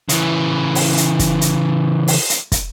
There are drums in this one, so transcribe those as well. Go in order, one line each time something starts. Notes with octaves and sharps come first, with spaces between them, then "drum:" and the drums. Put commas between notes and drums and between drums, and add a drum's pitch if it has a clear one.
C#3 E3, drum: hi-hat
drum: open hi-hat
drum: hi-hat
drum: kick, hi-hat
drum: hi-hat
drum: open hi-hat
drum: hi-hat
drum: kick, hi-hat